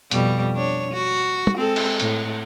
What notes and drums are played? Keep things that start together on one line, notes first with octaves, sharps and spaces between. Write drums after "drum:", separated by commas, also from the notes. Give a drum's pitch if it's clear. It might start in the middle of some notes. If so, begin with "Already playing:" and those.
F2 B2 G3, drum: hi-hat
D4 C#5
F#4
drum: tom
G#3 C4 A4
drum: cymbal
A2, drum: hi-hat